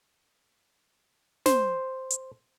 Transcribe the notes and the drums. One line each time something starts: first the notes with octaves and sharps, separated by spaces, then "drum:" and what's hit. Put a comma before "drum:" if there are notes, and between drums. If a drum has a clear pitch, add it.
C5, drum: snare
drum: hi-hat